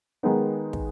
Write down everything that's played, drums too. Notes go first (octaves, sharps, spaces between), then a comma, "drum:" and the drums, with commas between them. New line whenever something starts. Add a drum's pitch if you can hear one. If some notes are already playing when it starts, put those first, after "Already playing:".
D#3 G#3 B3 D#4
drum: kick